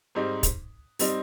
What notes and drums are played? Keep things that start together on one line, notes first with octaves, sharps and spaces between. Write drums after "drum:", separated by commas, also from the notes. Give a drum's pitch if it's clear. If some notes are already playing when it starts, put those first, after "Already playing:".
G#2 G3 C4 D#4
drum: kick, hi-hat
G3 C4 D#4, drum: open hi-hat